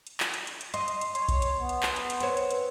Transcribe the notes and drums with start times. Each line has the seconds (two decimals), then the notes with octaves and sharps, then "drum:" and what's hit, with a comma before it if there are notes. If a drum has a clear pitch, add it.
0.07 drum: hi-hat
0.20 drum: clap
0.34 drum: hi-hat
0.47 drum: hi-hat
0.61 drum: hi-hat
0.74 D#5 C6, drum: hi-hat
0.88 drum: hi-hat
1.01 drum: hi-hat
1.15 C#5 C6, drum: hi-hat
1.29 drum: kick B1, hi-hat
1.42 drum: hi-hat
1.59 B3
1.69 drum: hi-hat
1.83 drum: clap
1.96 drum: hi-hat
2.10 drum: hi-hat
2.20 C4 B4 C#5, drum: hi-hat
2.37 drum: hi-hat
2.51 drum: hi-hat